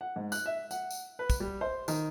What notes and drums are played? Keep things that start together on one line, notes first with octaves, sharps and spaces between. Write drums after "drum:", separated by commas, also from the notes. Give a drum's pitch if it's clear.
F#5
G#2
F#6, drum: tambourine
E5
F#5, drum: tambourine
drum: tambourine
B4
drum: kick, tambourine
G3
C5
D#3, drum: tambourine